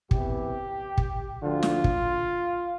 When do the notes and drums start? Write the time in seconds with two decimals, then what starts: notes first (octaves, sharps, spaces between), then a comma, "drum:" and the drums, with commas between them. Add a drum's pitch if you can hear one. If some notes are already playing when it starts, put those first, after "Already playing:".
0.11 E2 C3 E3 G4, drum: kick
0.98 drum: kick
1.41 D2 D3 F3 F4
1.63 drum: snare
1.84 drum: kick